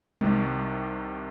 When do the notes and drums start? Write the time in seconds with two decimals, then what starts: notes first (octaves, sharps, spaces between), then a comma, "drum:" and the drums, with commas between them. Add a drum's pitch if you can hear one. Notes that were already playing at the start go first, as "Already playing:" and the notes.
0.21 C2 C3 D#3, drum: tom G3